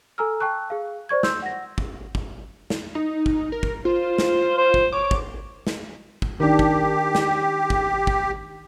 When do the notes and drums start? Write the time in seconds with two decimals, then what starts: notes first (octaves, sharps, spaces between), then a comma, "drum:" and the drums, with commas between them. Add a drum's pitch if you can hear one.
0.18 A4 G#5 A#5 E6 F6
0.40 G5 A5 C#6 F#6
0.70 G#4 F5
1.09 C5 D5 C#6 G#6
1.23 C6 E6 G6, drum: snare
1.42 F#5 A#6
1.78 drum: kick
2.15 drum: kick
2.70 drum: snare
2.95 D#4
3.26 drum: kick
3.52 A#4
3.63 drum: kick
3.85 F4 C5
4.18 drum: snare
4.58 C5
4.74 drum: kick
4.93 C#5 D6
5.11 drum: kick
5.67 drum: snare
6.22 drum: kick
6.40 D#3 D4 G4
6.59 drum: kick
7.15 drum: snare
7.70 drum: kick
8.07 drum: kick